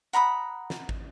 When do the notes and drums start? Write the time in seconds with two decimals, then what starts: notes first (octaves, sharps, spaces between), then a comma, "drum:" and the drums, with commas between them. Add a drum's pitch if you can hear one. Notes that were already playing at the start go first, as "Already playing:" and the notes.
0.13 F#5 A#5 B5 D#6
0.70 drum: snare
0.89 drum: kick